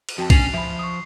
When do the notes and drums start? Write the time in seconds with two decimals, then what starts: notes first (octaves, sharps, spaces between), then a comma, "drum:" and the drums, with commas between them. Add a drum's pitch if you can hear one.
0.09 drum: cymbal
0.18 F2 F#4 G5 A5
0.30 C#4 D4 G#5 A6 C7 F7 F#7, drum: kick B1, cymbal
0.54 F3 E5 B5
0.79 C#6 D#6